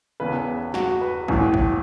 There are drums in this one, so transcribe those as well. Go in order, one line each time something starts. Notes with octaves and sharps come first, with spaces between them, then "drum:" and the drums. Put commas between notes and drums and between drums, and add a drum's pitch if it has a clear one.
E1 E2 C#3 B4
F#4, drum: snare
B4
A1 A2 E3, drum: kick
drum: kick